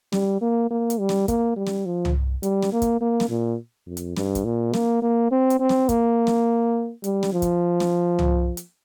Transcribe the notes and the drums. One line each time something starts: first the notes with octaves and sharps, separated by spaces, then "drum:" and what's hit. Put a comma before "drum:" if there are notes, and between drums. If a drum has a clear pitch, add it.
G3, drum: snare
A#3
A#3
drum: hi-hat
G3
drum: snare
A#3, drum: kick, hi-hat
G3
drum: snare
F3
drum: tom
G3, drum: hi-hat
drum: snare
A#3
drum: kick, hi-hat
A#3
drum: snare
A#2
F2
drum: hi-hat
G2, drum: snare
drum: kick, hi-hat
A#2
A#3, drum: snare
A#3
C4
drum: hi-hat
C4
drum: snare
A#3, drum: kick, hi-hat
drum: snare
G3, drum: hi-hat
drum: snare
F3
drum: kick, hi-hat
drum: snare
drum: tom
drum: hi-hat